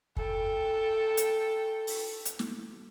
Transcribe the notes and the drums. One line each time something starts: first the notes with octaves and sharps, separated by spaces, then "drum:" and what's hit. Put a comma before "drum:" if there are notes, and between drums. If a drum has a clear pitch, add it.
A4 G5, drum: kick
drum: hi-hat
drum: open hi-hat
drum: hi-hat
drum: snare